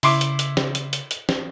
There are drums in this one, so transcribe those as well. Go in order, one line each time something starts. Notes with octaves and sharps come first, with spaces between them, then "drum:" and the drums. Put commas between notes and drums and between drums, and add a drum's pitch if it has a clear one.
C#3 E4 C6 D6, drum: open hi-hat
drum: hi-hat
drum: hi-hat
drum: snare
drum: hi-hat
drum: hi-hat
drum: hi-hat
drum: snare